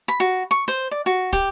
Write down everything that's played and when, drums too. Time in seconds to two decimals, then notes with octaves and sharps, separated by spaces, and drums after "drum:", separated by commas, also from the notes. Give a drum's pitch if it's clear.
0.08 B5
0.20 F#4
0.51 C#6
0.68 C5, drum: hi-hat
0.91 D5
1.06 F#4
1.33 G4, drum: kick, hi-hat